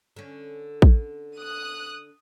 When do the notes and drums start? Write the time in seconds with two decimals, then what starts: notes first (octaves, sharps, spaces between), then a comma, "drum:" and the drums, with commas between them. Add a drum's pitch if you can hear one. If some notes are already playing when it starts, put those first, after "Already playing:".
0.16 D3 C#4
0.82 drum: kick
1.39 D#6 F#6